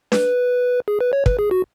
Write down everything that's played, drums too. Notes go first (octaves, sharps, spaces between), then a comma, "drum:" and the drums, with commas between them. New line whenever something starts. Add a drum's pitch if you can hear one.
B4, drum: snare D4
G#4
B4
C#5
B4, drum: kick
G#4
F#4